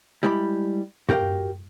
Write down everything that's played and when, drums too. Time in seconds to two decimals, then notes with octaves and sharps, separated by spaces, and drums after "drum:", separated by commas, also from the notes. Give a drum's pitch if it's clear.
0.23 G3 G#3 E4 G4 B5
1.09 F#4 G4 A#4 F5 G5, drum: tom